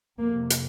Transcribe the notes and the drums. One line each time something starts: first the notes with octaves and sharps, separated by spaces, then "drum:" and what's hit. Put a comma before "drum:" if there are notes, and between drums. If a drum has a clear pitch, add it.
F2 C3 A#3
drum: hi-hat